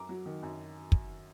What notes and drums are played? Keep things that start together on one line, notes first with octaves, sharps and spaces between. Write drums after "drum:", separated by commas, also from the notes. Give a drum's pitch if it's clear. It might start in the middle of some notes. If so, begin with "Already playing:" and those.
Already playing: F#2 A#5 D6
F#3
D#3
F#2
drum: kick